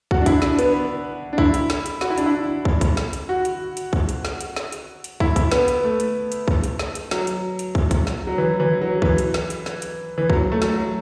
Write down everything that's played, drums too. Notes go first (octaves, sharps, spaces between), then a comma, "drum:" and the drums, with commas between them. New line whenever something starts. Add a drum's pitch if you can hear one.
F#4, drum: kick
D4
E4, drum: kick, hi-hat
D4, drum: snare
B3, drum: hi-hat
B3
D4
E4, drum: kick
drum: hi-hat
drum: snare
drum: hi-hat
F#4, drum: snare
E4
D4, drum: hi-hat
E4
drum: kick
drum: kick, hi-hat
drum: snare
drum: hi-hat
F#4
drum: hi-hat
drum: hi-hat
drum: kick
drum: hi-hat
drum: snare
drum: hi-hat
drum: snare
drum: hi-hat
drum: hi-hat
E4, drum: kick
drum: kick, hi-hat
B3, drum: snare
drum: hi-hat
A3
drum: hi-hat
drum: hi-hat
drum: kick
drum: hi-hat
drum: snare
drum: hi-hat
F#3, drum: snare
drum: hi-hat
drum: hi-hat
drum: kick
drum: kick, hi-hat
drum: snare
F#3
E3
E3
F#3
E3, drum: kick
drum: hi-hat
drum: snare
drum: hi-hat
drum: snare
drum: hi-hat
E3
F#3, drum: kick
A3
drum: snare
F#3